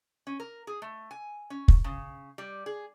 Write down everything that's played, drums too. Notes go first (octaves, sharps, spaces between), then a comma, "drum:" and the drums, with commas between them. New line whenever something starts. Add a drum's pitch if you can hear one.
C#4
A#4
G#4
A3
G#5
C#4
drum: kick
C#3
G3
G#4